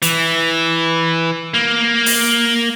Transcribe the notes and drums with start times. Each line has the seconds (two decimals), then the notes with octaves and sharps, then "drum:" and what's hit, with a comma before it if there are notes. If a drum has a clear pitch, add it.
0.02 E3, drum: hi-hat
1.54 A#3
2.06 drum: open hi-hat